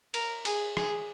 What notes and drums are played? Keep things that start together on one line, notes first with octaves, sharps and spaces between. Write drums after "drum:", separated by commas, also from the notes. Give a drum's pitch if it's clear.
A#4, drum: cymbal
G#4, drum: cymbal
G#4, drum: rim click